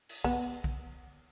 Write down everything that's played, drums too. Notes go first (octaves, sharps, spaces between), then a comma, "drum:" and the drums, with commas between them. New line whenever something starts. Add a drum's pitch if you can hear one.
drum: cymbal
B3, drum: kick
drum: kick